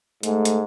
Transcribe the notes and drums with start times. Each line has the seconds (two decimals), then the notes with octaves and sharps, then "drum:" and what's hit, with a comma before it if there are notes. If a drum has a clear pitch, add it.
0.23 G#2 A3, drum: hi-hat
0.45 drum: hi-hat